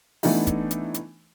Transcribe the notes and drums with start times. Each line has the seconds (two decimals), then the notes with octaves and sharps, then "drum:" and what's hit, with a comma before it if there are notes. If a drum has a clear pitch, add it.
0.23 E3 A3 B3 D4 D#4, drum: open hi-hat
0.47 drum: kick, hi-hat
0.71 drum: hi-hat
0.94 drum: hi-hat